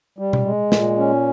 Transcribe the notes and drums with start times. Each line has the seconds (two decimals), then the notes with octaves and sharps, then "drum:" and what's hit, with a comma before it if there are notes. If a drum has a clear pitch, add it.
0.19 G3
0.33 drum: tom B2
0.45 G#3
0.72 A#2, drum: snare
0.98 C#4